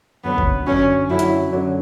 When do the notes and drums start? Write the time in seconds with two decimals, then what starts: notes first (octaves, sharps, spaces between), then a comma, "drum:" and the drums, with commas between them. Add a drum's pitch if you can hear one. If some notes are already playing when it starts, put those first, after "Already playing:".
0.24 F#2 D3 F#3 B3
0.38 drum: kick G1
0.67 F#2 D3 F#3 C#4
1.10 F#2 D3 F#3 E4
1.19 drum: hi-hat
1.53 F#2 D3 F#3